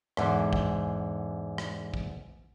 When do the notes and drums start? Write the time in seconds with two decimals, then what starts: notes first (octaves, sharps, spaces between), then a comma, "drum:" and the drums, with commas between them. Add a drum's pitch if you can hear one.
0.17 E2 G#2 D3, drum: rim click
0.53 drum: kick A#1
1.58 drum: rim click
1.94 drum: kick A#1